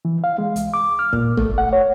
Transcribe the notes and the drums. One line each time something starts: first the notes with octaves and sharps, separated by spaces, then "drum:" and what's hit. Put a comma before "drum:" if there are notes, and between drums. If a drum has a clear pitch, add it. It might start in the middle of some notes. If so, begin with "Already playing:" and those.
E3
F5
G#3
C2, drum: hi-hat
D6
F6
A#2, drum: kick
A3, drum: tom
F#5
C#5